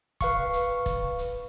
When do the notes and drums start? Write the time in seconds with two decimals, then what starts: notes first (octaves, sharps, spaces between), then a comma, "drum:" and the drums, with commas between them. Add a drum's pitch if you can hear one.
0.21 B4 F5 C#6, drum: kick, hi-hat
0.53 drum: hi-hat
0.86 drum: kick, hi-hat
1.19 drum: hi-hat